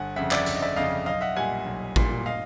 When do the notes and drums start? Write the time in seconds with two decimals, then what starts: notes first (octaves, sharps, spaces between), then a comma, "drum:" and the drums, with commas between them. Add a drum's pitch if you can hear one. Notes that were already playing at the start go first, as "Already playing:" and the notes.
Already playing: G1 F#5 G#5
0.16 F2 C#3 E5 F#5
0.31 D5 E5, drum: clap
0.46 G1 E5, drum: hi-hat
0.55 D#5
0.62 D5 E5
0.76 F2 C#3 D#5 F5
1.06 B1 D#5 F5
1.21 E5 F#5
1.36 A#2 G3 F#5 G#5
1.66 B1
1.96 A#2 G3, drum: kick A1
2.26 D#5 F5